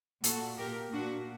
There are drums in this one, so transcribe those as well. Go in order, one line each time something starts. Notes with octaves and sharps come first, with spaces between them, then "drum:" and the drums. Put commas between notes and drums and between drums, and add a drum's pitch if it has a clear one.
A#2 F#4 A4, drum: hi-hat
G4 A#4
A#2 D4 F#4